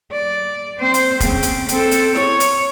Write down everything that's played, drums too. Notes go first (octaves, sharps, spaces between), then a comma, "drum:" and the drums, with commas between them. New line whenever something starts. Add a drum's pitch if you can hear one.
D5
C4 C5
drum: hi-hat
C#3 C4, drum: kick, hi-hat
drum: hi-hat
C4 A4, drum: hi-hat
drum: hi-hat
C#5, drum: snare
drum: hi-hat